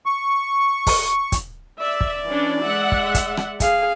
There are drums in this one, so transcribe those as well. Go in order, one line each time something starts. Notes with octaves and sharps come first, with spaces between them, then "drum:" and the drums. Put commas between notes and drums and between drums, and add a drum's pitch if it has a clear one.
C#6
drum: kick, open hi-hat
drum: kick, hi-hat
D5 E5
drum: kick
E3 C#4 D4
G#3 E5 F#5
drum: kick
drum: kick, hi-hat
drum: rim click
G#4 F5, drum: kick, hi-hat